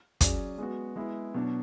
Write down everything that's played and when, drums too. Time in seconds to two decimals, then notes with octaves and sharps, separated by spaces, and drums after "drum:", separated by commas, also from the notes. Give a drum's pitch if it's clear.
0.21 F#3 C#4 G#4 D5, drum: kick, hi-hat
0.58 G#3 B3 F#4
0.96 G#3 B3 E4
1.34 B2 F#3 B3 D4